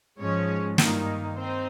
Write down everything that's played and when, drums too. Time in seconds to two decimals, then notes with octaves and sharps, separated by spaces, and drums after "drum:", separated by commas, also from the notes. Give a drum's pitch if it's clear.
0.19 G#2 F3 G#3 C#4 C#5
0.78 G2 D#3 A#3 D#4, drum: snare
1.37 C4 D#4 C5